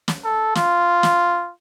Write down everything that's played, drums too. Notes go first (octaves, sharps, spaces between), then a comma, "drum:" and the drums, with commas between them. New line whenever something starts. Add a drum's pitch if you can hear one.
drum: snare
A4
F4, drum: snare
drum: snare